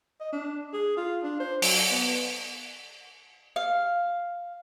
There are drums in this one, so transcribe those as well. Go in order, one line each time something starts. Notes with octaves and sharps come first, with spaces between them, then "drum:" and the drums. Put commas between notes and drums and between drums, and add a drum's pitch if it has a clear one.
D#5
D4
G#4
F4
D4
C5
F#3, drum: open hi-hat
B3
F5